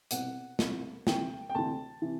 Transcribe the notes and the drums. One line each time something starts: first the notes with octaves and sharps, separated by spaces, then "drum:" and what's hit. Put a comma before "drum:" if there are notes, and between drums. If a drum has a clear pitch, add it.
C2 B2 F#5, drum: hi-hat
C2 B2, drum: snare
D2 C3 E3 G5, drum: snare
G5
D2 C3 E3 A5
C3 E3